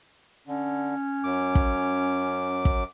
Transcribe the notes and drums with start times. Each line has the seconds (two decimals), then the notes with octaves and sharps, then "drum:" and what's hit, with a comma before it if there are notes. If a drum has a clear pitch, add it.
0.47 D3 C#4
1.24 F#2 D6
1.55 drum: kick
2.65 drum: kick